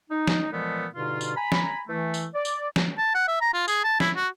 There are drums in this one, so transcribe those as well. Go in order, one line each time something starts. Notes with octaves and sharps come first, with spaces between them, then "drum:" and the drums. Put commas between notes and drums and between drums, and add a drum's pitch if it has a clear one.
D#4
drum: snare
A#2 E3 F3 G#3 A3 B3
G2 B2 D3 D#4 F4
drum: tambourine
G#5 A#5 B5
drum: snare
E3 A3
drum: tambourine
D5
drum: tambourine
drum: snare
A5
F#5
E5
A#5
F4
G#4, drum: tambourine
A5
E4, drum: snare
F#4